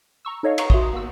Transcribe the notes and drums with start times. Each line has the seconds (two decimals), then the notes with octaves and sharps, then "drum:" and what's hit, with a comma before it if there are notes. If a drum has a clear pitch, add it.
0.25 A#5 C#6 E6
0.43 D#4 A4 C#5 D#5 F5
0.58 C#5 F5 F#5 A#5 C#6, drum: cymbal
0.70 F#4 E5 A#5 C6 D#6, drum: kick
0.93 A#3 B3 F#4 E6